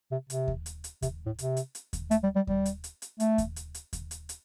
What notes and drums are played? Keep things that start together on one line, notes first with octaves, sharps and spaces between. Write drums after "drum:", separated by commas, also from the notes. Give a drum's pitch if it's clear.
C3
C3, drum: hi-hat
drum: kick D#2
drum: hi-hat
drum: hi-hat
C3, drum: kick D#2, hi-hat
A2
C3, drum: hi-hat
drum: hi-hat
drum: hi-hat
drum: kick D#2, hi-hat
A3, drum: hi-hat
G3
G3
G3, drum: kick D#2
drum: hi-hat
drum: hi-hat
drum: hi-hat
A3, drum: hi-hat
drum: kick D#2, hi-hat
drum: hi-hat
drum: hi-hat
drum: kick D#2, hi-hat
drum: hi-hat
drum: hi-hat